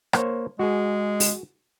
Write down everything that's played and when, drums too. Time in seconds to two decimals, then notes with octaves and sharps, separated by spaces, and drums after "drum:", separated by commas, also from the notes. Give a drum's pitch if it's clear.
0.13 A#3 C5 C#5, drum: rim click
0.59 G#3 F#4 G#4
1.20 drum: open hi-hat